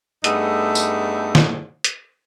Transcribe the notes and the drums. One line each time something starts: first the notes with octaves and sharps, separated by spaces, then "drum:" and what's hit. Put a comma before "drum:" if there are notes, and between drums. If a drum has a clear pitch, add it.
G2 A3 B3 D#4 G#4 A4, drum: hi-hat
drum: tambourine
drum: snare
drum: hi-hat